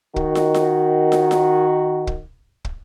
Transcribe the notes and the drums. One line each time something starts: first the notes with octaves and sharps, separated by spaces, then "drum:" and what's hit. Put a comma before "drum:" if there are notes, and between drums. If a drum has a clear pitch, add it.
D#3 F#4, drum: kick
drum: snare
drum: snare
drum: snare
drum: snare
drum: kick
drum: kick